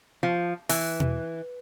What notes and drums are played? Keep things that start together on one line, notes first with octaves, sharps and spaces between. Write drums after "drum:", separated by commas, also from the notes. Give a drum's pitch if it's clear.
F3
E3, drum: open hi-hat
drum: tom B2